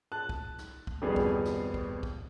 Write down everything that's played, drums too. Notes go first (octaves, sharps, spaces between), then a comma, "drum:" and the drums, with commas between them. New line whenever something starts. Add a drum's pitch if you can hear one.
A5 F#6
drum: kick
drum: snare
drum: kick
G#1 F2 G3 B3 G#4
drum: kick
drum: snare
drum: kick
drum: kick